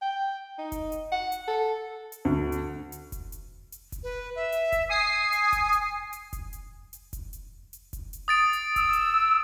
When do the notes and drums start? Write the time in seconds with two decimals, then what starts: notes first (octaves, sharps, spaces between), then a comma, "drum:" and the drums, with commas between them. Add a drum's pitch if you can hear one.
0.02 G5
0.58 D#4
0.72 drum: kick F1, hi-hat
0.92 drum: hi-hat
1.12 F#5
1.32 drum: hi-hat
1.48 A4
2.12 drum: hi-hat
2.25 D2
2.52 drum: hi-hat
2.92 drum: hi-hat
3.12 drum: kick F1, hi-hat
3.32 drum: hi-hat
3.72 drum: hi-hat
3.92 drum: kick F1, hi-hat
4.03 B4
4.36 E5
4.52 drum: hi-hat
4.72 drum: kick F1, hi-hat
4.89 G#5 D#6 C7
5.33 drum: hi-hat
5.53 drum: kick F1, hi-hat
5.73 drum: hi-hat
6.13 drum: hi-hat
6.33 drum: kick F1, hi-hat
6.53 drum: hi-hat
6.93 drum: hi-hat
7.13 drum: kick F1, hi-hat
7.33 drum: hi-hat
7.73 drum: hi-hat
7.93 drum: kick F1, hi-hat
8.13 drum: hi-hat
8.28 D#6 A6 D7
8.53 drum: hi-hat
8.76 E6, drum: kick F1, hi-hat
8.93 drum: hi-hat